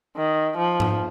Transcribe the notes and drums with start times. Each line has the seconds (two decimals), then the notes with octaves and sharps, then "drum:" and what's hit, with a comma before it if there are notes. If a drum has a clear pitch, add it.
0.16 D#3
0.58 F3
0.80 drum: tom G#2